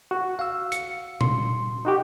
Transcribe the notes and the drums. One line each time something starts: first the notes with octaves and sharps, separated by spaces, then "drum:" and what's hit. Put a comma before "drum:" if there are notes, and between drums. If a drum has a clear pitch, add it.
F#4
F5 E6
C#7, drum: hi-hat
C6, drum: tom A#2
D#4 F#4 G4